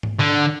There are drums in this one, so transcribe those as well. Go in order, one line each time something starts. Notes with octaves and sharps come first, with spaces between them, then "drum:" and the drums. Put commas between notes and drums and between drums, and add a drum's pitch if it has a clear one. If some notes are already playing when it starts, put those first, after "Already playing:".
drum: tom G#2
D3